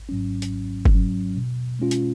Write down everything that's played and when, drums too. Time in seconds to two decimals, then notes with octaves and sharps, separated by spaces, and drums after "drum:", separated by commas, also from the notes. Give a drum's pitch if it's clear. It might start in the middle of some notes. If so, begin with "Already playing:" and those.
Already playing: G#1
0.09 G#2 F#3 C#4
0.42 drum: hi-hat
0.52 G#1
0.85 drum: kick G1
0.95 G#2 F#3 C#4
1.37 B2
1.79 G#3 C#4 F4
1.91 drum: hi-hat